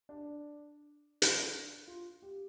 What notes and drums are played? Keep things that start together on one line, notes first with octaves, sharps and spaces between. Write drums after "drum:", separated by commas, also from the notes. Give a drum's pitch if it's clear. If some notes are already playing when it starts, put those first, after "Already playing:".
D4
drum: hi-hat
D4
F4
G4